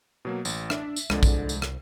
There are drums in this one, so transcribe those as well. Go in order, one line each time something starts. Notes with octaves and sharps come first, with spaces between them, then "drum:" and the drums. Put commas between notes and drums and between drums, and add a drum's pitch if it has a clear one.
B2 F#3 A#3
A1, drum: tambourine
D4 E5, drum: rim click
drum: tambourine
C2 F2 D3 G#3 D5, drum: rim click
drum: kick A#1, tambourine
drum: tambourine
drum: rim click